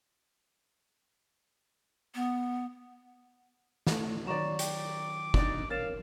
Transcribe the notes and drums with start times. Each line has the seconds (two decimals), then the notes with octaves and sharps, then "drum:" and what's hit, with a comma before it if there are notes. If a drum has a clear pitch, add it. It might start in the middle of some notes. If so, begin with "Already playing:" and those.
2.15 B3
3.87 E3 A3, drum: snare
4.27 D#3 F#3 C#5 D5 A#5 C#6 E7
4.59 G5 D6, drum: hi-hat
5.34 D4 D#4 D5, drum: kick
5.70 A#4 C#5 F5 A6 E7